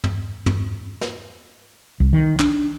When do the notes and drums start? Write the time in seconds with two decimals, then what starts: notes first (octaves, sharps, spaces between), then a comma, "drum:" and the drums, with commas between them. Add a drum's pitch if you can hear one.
0.04 drum: tom
0.46 drum: tom
1.01 drum: snare
2.00 C2
2.13 D#3
2.40 D4, drum: clap